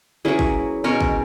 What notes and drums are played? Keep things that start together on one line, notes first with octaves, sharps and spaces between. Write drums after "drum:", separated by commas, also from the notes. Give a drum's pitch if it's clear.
F#3 A#3 C#4 E4 G#4 B4
drum: kick
B2 G#3 C#4 A#4 C#5
drum: kick